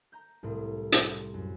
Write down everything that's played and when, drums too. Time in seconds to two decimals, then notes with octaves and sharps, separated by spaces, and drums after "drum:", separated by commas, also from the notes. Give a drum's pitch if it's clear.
0.12 A#5 G6
0.43 C2 A2
0.92 drum: hi-hat
1.34 F#2